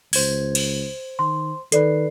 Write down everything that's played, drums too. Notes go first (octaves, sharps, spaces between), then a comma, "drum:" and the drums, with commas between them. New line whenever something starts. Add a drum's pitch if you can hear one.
C#2 C5 G#6, drum: open hi-hat
drum: cymbal
D#3 C6
D#3 A4 B4 D5 C7, drum: hi-hat